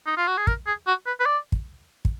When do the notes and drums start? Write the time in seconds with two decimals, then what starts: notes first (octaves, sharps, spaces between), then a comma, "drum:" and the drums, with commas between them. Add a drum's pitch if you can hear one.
0.06 D#4
0.17 F4
0.27 F#4
0.37 G#4
0.47 A#4, drum: kick
0.67 G#4
0.87 F#4
1.06 B4
1.19 B4
1.25 D5
1.52 drum: kick
2.05 drum: kick